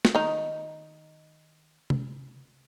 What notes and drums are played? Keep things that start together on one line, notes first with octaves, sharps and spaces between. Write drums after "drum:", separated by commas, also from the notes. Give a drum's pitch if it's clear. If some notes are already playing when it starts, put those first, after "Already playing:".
drum: snare
D#3 D#4
drum: tom C3